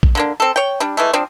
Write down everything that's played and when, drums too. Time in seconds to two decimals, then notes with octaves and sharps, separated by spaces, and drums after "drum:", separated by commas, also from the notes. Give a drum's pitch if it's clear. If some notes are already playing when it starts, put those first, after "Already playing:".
0.03 drum: kick
0.15 D3 A#3 D4
0.40 C4 A4
0.56 C#5 G5
0.80 G3 D4
0.97 E3 G#3 A3
1.13 F3 C4 D4